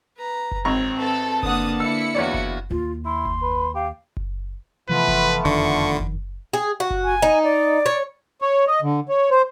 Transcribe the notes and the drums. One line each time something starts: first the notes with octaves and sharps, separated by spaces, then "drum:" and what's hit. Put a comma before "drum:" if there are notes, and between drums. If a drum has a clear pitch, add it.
B4 A#5
drum: kick F#1
G#1 C4 C#5 A#5 C#6
A4 B4 A5
D3 A#3 F#5 D#6, drum: kick F#1
E4 E6 C#7
E2 F4 F#4 C#5 D5
drum: kick F#1
D#2 F4
E4 C6
drum: kick F#1
B4
G4 F5
drum: kick F#1
C3 E3 F3 A3 B3 F4 B4
drum: kick F#1
F#1 F2 D3 D#3 C#6
drum: kick F#1
G#4
F#4
drum: kick F#1
G#5
D#4
D5
C#5
C#5
D#5
D3
C#5
C5